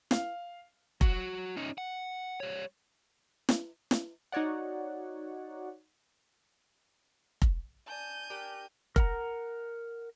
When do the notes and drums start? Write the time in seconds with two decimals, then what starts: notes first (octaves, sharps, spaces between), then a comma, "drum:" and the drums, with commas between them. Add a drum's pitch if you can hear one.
0.11 F5, drum: snare
1.01 F#3 F#4, drum: kick F1
1.57 C#4 D#4
1.78 F#5
2.40 G3 C#5
3.49 drum: snare
3.91 drum: snare
4.32 D#4 F#4 C#5 D5 F#5
7.42 drum: kick F1
7.88 D5 G#5 A5 G6 D#7
8.30 D4 G4 A#4
8.96 A#4 F#5 A#5, drum: kick F1